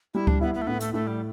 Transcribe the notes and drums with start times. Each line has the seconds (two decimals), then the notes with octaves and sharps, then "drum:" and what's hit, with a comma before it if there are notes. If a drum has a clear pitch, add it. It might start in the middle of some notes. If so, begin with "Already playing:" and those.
0.14 G3 E4
0.27 D4, drum: kick C#2
0.41 B3 E4
0.54 B3
0.62 A3
0.67 A2 B3
0.80 A3, drum: hi-hat
0.93 A2 A3
1.07 G3